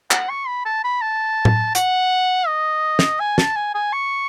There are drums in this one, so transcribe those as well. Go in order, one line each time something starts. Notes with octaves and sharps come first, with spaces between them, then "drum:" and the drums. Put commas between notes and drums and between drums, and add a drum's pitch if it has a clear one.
F#5, drum: clap
C#6
B5
A5
B5
A5
drum: tom A2
F#5, drum: hi-hat
D#5
drum: snare
G#5
A5, drum: snare
G#5
G#5
C#6